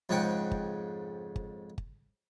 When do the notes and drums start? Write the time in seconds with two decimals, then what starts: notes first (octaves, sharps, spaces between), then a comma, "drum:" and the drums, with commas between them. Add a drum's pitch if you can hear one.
0.09 F2 G#2 C#3 F#5 G5
0.51 drum: kick G1
1.36 drum: kick G1
1.78 drum: kick G1